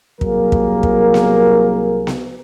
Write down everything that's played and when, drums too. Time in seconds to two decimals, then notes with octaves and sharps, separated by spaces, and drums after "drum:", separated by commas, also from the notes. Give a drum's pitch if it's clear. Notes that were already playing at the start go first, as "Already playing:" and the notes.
0.21 C2 F#3 A#3 G#4 A#4, drum: kick
0.52 drum: kick
0.83 drum: kick
1.14 drum: snare B3
2.07 drum: snare B3